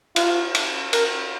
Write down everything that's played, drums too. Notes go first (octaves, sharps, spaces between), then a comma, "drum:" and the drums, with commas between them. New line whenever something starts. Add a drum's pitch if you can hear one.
F4, drum: cymbal
drum: cymbal
A#4, drum: cymbal